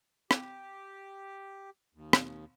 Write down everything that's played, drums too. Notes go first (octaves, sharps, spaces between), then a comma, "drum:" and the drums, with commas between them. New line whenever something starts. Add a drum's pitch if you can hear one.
G4, drum: rim click
D#2
drum: rim click